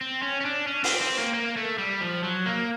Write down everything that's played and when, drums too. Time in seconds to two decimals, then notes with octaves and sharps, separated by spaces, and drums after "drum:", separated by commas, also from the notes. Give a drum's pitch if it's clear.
0.01 C4
0.23 C#4
0.41 C#4
0.45 D4
0.67 C#4
0.84 C4, drum: open hi-hat
1.01 C4
1.17 A#3
1.34 A#3
1.56 A3
1.78 G3
2.01 F3
2.23 F#3
2.45 A#3